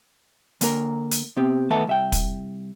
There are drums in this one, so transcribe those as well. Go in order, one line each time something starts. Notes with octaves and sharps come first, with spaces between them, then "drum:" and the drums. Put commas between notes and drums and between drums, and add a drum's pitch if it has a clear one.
D3 A#3 A#4, drum: hi-hat
drum: hi-hat
C3 B3 C4 G4
D#3 A3 B3 A4 E5 A5
C2 E5 G5
drum: kick, hi-hat